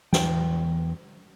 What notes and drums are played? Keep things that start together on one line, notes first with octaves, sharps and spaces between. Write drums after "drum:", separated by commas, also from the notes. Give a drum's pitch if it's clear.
E2 E3 G5, drum: snare